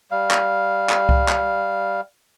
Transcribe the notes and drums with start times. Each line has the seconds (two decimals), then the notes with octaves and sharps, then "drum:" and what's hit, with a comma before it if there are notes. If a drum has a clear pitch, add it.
0.11 G3 F5
0.31 drum: clap
0.89 drum: clap
1.09 drum: kick C2
1.28 drum: clap